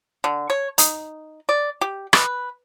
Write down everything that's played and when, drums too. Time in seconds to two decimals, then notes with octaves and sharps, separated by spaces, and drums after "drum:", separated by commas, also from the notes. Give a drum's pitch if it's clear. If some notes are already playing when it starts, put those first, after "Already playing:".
0.24 D3
0.50 C#5
0.78 D#4, drum: hi-hat
1.49 D5
1.81 G4
2.13 B4, drum: rim click